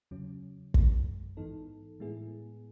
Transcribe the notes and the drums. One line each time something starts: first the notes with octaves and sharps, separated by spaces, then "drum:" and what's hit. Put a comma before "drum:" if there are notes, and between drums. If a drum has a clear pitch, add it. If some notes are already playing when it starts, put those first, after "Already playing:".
E2 C#3 F#3 C#4
G#1 F#2 E3 G#3, drum: kick
G#2 E3 B3 D#4 A4
A2 G#3 B3 E4 G#4